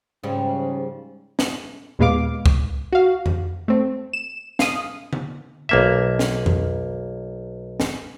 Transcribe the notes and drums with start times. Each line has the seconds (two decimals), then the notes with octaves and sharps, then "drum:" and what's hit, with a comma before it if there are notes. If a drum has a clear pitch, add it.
0.24 G#2 C#3 F3 G3
1.39 drum: snare
1.99 D#2 A#2 G#3 B3 F5 D6
2.46 drum: kick C2
2.92 F#4 F5
3.26 drum: tom F2
3.68 A3 C4
4.13 E7
4.59 F5 D#6, drum: snare
5.13 drum: tom D3
5.69 B1 A#3 E5
6.19 drum: snare
6.46 drum: tom F2
7.80 drum: snare